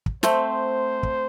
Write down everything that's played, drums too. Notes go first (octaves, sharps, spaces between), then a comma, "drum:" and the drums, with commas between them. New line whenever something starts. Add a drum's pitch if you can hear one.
drum: kick
A3 C4 C5, drum: snare
drum: kick